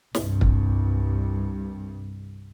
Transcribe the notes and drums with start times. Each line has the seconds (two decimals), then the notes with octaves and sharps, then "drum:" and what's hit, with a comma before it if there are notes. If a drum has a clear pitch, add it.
0.15 C2 G2, drum: snare
0.41 drum: kick